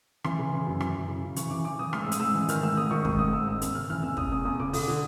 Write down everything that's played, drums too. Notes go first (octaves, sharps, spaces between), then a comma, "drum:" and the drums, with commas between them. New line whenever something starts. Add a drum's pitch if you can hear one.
E3 C6, drum: rim click
C#3
E3
F#2
E3, drum: rim click
F#2
C#3
C#3
E3 C#6, drum: hi-hat
E3 D6
E3 D6
E3 D#6
G#2 F6, drum: rim click
E6
G#2
D#6, drum: hi-hat
G#2 E6
E3
D#3 F6, drum: hi-hat
G#2 E6
G#2 D#6
D#3 C#6
G#2 D#6, drum: kick
G#2 D#6
G#2 E6
D#3 E6
E2 E6, drum: hi-hat
C#3 F6
E3 F6
E2 E6
E2 D#6, drum: kick
E2 D#6
E2 D#6
C#3 D6
D3 D#6, drum: open hi-hat
D3